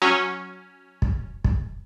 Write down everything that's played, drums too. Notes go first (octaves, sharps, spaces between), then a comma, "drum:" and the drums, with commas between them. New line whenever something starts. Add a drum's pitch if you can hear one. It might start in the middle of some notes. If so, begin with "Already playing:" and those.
F#3 C#4
drum: kick
drum: kick